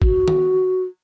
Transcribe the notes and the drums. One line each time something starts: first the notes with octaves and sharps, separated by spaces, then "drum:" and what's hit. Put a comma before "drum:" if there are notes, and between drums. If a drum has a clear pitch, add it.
F#4, drum: kick
drum: tom